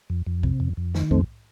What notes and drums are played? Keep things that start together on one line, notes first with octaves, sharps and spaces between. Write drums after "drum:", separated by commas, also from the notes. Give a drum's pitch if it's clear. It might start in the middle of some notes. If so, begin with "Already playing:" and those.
F2
F2
C3, drum: kick B1
F2
F2
D#3, drum: snare
F2 A3 C4, drum: kick B1